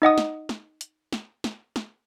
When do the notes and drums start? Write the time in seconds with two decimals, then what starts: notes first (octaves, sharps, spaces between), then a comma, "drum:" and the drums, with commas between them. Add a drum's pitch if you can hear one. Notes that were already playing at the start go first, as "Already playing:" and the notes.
0.02 D#4 D#5 F#5 D#6
0.18 drum: snare
0.49 drum: snare
0.81 drum: hi-hat
1.12 drum: snare
1.44 drum: snare
1.76 drum: snare